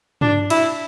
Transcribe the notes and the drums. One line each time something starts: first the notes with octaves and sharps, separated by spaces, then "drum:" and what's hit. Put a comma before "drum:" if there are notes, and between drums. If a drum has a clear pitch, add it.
D4, drum: tom
E4, drum: cymbal